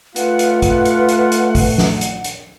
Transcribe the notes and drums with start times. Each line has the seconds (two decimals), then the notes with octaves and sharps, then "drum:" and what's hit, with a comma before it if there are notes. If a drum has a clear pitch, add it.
0.16 A3 F4 B4 F#5, drum: hi-hat
0.39 drum: hi-hat
0.62 drum: kick A1, hi-hat
0.86 drum: hi-hat
1.09 drum: hi-hat
1.32 drum: hi-hat
1.55 drum: kick A1, open hi-hat
1.78 drum: snare
2.01 drum: hi-hat
2.24 drum: hi-hat